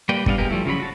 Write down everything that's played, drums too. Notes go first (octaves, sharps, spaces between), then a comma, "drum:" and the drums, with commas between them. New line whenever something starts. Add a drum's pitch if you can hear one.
G3 A#3 B4 D5 G5
G3 B3 D4 D#5 F5, drum: kick
G#3 B3 G4 A#4
F3 G3 A3 E4
C#3 F3 F#3 B5
F#4 A5